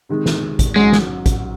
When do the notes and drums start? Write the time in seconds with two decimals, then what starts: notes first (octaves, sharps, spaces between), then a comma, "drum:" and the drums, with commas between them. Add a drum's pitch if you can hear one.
0.09 C3 D#3 G#3
0.26 drum: snare
0.59 drum: kick, hi-hat
0.76 G#2 F#3 G#3 C#4
0.92 drum: snare
1.26 drum: kick, hi-hat